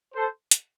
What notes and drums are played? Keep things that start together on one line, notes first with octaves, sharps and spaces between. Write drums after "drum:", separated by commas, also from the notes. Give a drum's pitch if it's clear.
A4 C5
drum: hi-hat